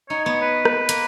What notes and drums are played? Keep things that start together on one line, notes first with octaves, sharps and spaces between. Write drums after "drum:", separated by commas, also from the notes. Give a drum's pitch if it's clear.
D#4 C#5
B3 C#5
B4
drum: rim click
A#3, drum: hi-hat